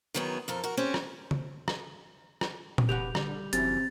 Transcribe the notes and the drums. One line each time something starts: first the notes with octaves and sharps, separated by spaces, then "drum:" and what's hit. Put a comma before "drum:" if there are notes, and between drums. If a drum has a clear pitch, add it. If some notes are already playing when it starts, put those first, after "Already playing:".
F#2 D#3 F#3 B3 G#4
F2 A4 A#4
F#4 A#4
C4 C#4 G4 C#5
drum: rim click
drum: tom C#3
drum: rim click
drum: rim click
drum: tom A#2
E1 G4 B4 F#5 G6 F7
D3 G3, drum: rim click
G1 F#2 C3 E3 A6, drum: hi-hat